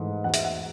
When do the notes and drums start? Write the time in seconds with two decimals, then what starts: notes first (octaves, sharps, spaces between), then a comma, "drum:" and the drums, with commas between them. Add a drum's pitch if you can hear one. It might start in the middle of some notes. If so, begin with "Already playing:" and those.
Already playing: G#2 E3 A3
0.24 E2 F#5
0.34 E5, drum: hi-hat
0.44 F#5